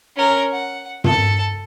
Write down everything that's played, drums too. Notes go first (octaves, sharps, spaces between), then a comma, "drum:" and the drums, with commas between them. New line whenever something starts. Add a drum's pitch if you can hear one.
C#4 A#4
F#5
A4 A5, drum: tom